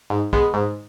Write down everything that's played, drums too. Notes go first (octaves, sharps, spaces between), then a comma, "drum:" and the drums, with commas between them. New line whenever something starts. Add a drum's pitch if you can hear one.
G#2
G#3 B3, drum: kick
G#2